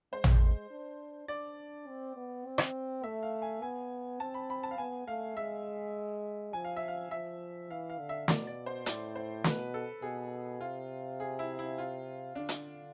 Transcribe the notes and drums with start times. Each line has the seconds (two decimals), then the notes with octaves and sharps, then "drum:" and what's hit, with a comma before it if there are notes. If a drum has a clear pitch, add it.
0.13 G#3 C5
0.24 drum: tom
0.71 D4
1.28 D4 D5
1.88 C4
2.16 B3
2.46 C4
2.58 drum: rim click
3.04 A3 E5
3.23 F5
3.42 G#5
3.62 B3 G#5
4.20 C4 A5
4.34 B5
4.50 B5
4.63 A5
4.71 F5
4.78 B3 G#5
5.08 A3 F5
5.37 G#3 E5
6.53 F3 G#5
6.65 F5
6.76 E5
6.88 F5
7.11 F3 E5
7.70 E3 F5
7.90 F5
7.99 D3
8.09 E5
8.28 B2 D5, drum: snare
8.47 D5
8.66 C5
8.86 A2 D5, drum: hi-hat
9.15 C5
9.44 B2 B4, drum: snare
9.74 A4
10.02 B2 G#4
10.61 C3 F4
11.20 G#4
11.39 E4
11.59 E4
11.78 F4
12.36 D3 D4
12.49 drum: hi-hat